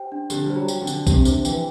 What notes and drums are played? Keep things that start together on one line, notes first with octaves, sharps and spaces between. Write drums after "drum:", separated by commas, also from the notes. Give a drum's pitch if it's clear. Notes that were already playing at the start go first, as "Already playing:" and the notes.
Already playing: G4 C5 G5
D4
D3 G4, drum: tambourine
G3 C5
F#3
G5, drum: tambourine
D3
D4, drum: tambourine
C3 G4, drum: kick B1, tambourine
C3
D3 C5, drum: tambourine
E3 G5, drum: tambourine